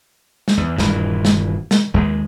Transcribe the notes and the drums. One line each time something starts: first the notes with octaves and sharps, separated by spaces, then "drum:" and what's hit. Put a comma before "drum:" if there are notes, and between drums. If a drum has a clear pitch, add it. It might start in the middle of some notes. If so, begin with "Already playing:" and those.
drum: snare
E2
D#1 G2 E3, drum: snare
drum: snare
drum: snare
D#2 G#3